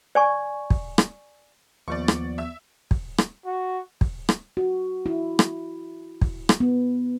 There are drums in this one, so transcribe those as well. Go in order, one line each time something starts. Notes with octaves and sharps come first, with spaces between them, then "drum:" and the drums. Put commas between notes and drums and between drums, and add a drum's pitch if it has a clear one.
D5 G#5 C#6
drum: kick
drum: rim click
D#2 F3 B3 D5 C#6
drum: rim click
E5 E6
drum: kick
drum: rim click
F#4
drum: kick
drum: rim click
F#4
E4
drum: rim click
drum: kick
drum: rim click
B3